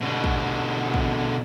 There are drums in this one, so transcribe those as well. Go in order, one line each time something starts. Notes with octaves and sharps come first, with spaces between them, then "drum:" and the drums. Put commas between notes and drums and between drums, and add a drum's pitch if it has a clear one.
B2 D3
drum: kick
drum: kick